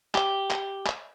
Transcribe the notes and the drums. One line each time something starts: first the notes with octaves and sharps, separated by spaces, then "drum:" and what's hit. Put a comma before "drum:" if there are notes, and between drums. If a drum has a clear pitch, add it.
G4, drum: clap
drum: clap
drum: clap